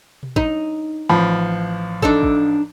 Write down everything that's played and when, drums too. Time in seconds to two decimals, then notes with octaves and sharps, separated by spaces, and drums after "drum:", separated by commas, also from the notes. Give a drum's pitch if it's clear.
0.23 drum: tom B2
0.36 D#4, drum: kick
1.09 A1 F3 B5
2.02 D4 D#4 A4, drum: kick
2.23 drum: kick